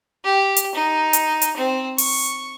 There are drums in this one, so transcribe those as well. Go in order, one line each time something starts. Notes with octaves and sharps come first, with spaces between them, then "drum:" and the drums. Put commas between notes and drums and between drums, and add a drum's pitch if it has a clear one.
G4
drum: hi-hat
D#4
drum: hi-hat
drum: hi-hat
C4
C#6, drum: open hi-hat